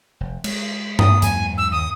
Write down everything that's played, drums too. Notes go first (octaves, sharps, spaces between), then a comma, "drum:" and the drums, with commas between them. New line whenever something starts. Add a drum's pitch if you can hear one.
F1
G#3, drum: cymbal
D#6, drum: tom G2
E2 G#2 F#3 G#5, drum: hi-hat
E6
D#2 D#6